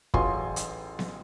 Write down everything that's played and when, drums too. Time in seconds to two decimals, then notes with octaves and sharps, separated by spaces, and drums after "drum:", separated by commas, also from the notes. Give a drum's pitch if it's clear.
0.14 A1 F#3 F4 G#4 G#5 C6, drum: kick
0.56 drum: hi-hat
0.99 drum: snare B3